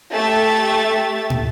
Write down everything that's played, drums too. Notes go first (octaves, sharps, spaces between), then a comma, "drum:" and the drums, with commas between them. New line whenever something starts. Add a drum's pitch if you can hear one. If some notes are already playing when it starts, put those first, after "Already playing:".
A3 G4 E5 A6
drum: tom